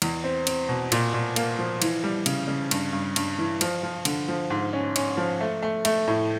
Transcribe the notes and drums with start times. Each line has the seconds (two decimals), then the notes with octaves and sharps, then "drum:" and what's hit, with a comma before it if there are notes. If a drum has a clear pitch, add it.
0.02 E2, drum: cymbal
0.24 C4
0.47 C4, drum: cymbal
0.69 B2
0.92 A#2, drum: cymbal
1.14 A#2
1.36 A#3, drum: cymbal
1.59 F3
1.82 E3, drum: cymbal
2.04 G3
2.26 C#3, drum: cymbal
2.48 C#3
2.71 G2, drum: cymbal
2.93 G2
3.16 G2, drum: cymbal
3.39 E3
3.61 F3, drum: cymbal
3.83 F3
4.05 D3, drum: cymbal
4.28 F3
4.50 G#2
4.73 C#4
4.96 C#4, drum: cymbal
5.17 F3
5.41 A3
5.62 A3
5.85 A3, drum: cymbal
6.08 A2